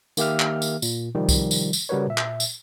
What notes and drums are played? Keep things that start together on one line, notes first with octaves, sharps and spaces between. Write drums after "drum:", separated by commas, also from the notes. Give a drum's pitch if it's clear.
D#3 A#3 G4 E5 F6, drum: tambourine
drum: clap
drum: tambourine
A#2, drum: tambourine
C3 D#3 F3 G3
drum: kick C2, tambourine
drum: tambourine
drum: tambourine
C#3 G3 F#4 A#4 B4 C#5
A#2 E5
drum: clap
drum: tambourine